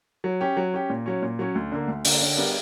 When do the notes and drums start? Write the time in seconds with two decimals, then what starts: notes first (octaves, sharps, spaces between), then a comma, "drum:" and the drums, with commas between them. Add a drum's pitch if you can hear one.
0.24 F#3
0.41 C#4 G4
0.57 F#3
0.74 C#4 G4
0.90 A#2
1.06 F#3 C#4
1.22 A#2
1.39 F#3 C#4
1.55 D2
1.72 D3 A#3
1.88 D2
2.05 D3 A#3, drum: open hi-hat
2.21 D3
2.37 G3 B3 D4 A#4